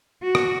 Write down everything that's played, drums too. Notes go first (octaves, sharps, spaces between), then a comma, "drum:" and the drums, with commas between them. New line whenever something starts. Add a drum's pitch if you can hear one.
F#4
drum: rim click